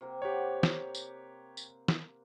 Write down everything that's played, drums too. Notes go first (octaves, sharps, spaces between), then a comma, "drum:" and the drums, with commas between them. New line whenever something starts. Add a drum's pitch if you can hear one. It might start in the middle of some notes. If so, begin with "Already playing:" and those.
C3 A#3 A#4
G4 C5 C#5 F#5
drum: snare
drum: tambourine
drum: tambourine
drum: snare